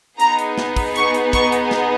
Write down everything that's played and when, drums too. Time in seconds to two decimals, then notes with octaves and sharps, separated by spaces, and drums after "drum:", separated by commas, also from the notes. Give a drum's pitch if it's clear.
0.20 B3 D#4 G#4 A#5, drum: hi-hat
0.39 drum: hi-hat
0.58 drum: snare
0.76 drum: kick, open hi-hat
0.96 C#6, drum: hi-hat
1.14 drum: hi-hat
1.33 C#6, drum: kick, hi-hat
1.52 drum: hi-hat
1.71 drum: snare